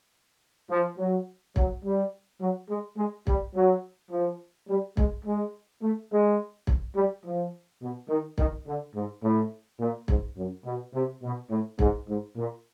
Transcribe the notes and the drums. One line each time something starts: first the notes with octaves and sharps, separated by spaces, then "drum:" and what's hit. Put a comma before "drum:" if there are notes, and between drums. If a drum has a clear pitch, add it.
F3
F#3
F#3, drum: kick
G3
F#3
G#3
G#3
G3, drum: kick
F#3
F3
G3
G#3, drum: kick
G#3
A3
G#3
drum: kick
G3
F3
B2
D#3
D#3, drum: kick
D3
G#2
A2
A#2
G#2, drum: kick
F#2
B2
C3
B2
A2
G#2, drum: kick
G#2
A#2